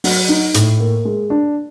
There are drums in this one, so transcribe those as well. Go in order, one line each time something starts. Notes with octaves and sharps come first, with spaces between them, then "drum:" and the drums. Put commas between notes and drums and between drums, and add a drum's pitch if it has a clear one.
F#3, drum: open hi-hat
D#4
A2, drum: hi-hat
A#3
G#3
D4